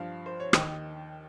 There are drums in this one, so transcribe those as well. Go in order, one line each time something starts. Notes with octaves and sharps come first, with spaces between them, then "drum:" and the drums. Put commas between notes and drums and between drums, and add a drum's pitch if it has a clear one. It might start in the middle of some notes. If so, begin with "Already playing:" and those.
Already playing: G2 F3 F5
C5
C#5
D#2 D#3 D#5, drum: rim click